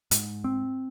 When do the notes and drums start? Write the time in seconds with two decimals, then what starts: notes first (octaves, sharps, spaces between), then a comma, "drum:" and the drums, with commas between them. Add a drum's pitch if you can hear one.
0.11 G#2, drum: hi-hat
0.44 C4